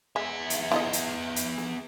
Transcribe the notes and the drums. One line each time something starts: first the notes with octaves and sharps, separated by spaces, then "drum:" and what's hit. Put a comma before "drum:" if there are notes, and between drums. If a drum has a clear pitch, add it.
G#3 B3 E5
drum: hi-hat
E4 F4 D#5, drum: snare
drum: hi-hat
drum: hi-hat
drum: snare